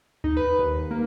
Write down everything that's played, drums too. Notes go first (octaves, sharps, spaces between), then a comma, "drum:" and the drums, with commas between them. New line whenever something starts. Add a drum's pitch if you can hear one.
D#4, drum: kick D2
B4
D#2
A#3